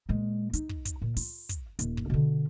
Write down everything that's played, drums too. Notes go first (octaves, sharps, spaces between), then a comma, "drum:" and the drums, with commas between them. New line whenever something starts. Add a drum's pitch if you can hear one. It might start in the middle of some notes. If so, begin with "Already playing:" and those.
A#2 G#3
D#4, drum: hi-hat
drum: kick
drum: kick, hi-hat
A#2
F4, drum: open hi-hat
drum: kick, hi-hat
D#1, drum: hi-hat
drum: kick
B2 D3